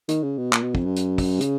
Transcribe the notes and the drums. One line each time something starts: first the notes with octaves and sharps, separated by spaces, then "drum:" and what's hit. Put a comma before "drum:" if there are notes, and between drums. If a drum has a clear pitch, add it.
D#3, drum: hi-hat
C#3
B2
A#2, drum: clap
B2
F2, drum: kick
F#2
drum: hi-hat
drum: kick, open hi-hat
C#3, drum: hi-hat